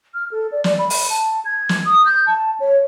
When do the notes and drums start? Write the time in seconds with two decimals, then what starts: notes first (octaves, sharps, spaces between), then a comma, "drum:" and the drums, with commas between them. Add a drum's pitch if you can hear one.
0.14 F6
0.31 A4
0.52 D5
0.64 D5, drum: snare
0.79 B5
0.90 drum: open hi-hat
1.10 A5
1.45 G#6
1.69 drum: snare
1.85 D#6
2.05 G6
2.26 A5
2.60 C#5